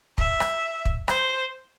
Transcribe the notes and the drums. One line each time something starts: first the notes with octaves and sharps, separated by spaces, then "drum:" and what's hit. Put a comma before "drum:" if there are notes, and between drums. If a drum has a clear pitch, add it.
E5, drum: kick
drum: rim click
drum: kick
C5, drum: rim click